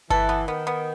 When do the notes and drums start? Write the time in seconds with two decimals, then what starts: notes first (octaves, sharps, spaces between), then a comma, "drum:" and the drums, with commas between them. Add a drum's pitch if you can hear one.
0.10 E3 A4, drum: kick G1
0.29 B3
0.48 D#3 B3
0.67 B3